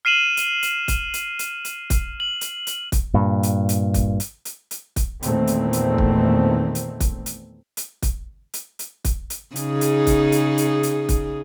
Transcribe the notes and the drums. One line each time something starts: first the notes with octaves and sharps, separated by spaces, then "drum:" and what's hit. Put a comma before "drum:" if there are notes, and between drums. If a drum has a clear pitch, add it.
F6 C7 D#7 E7 F#7
drum: hi-hat
drum: hi-hat
drum: kick, hi-hat
drum: hi-hat
drum: hi-hat
drum: hi-hat
drum: kick, hi-hat
F#7
drum: hi-hat
drum: hi-hat
drum: kick, hi-hat
G2 A#2
drum: hi-hat
drum: hi-hat
drum: kick, hi-hat
drum: hi-hat
drum: hi-hat
drum: hi-hat
drum: kick, hi-hat
E2 A#2 D#3 A3 C4, drum: hi-hat
drum: hi-hat
drum: hi-hat
drum: kick
drum: hi-hat
drum: kick, hi-hat
drum: hi-hat
drum: hi-hat
drum: kick, hi-hat
drum: hi-hat
drum: hi-hat
drum: kick, hi-hat
drum: hi-hat
C#3 D#4 G#4, drum: hi-hat
drum: hi-hat
drum: kick, hi-hat
drum: hi-hat
drum: hi-hat
drum: hi-hat
drum: kick, hi-hat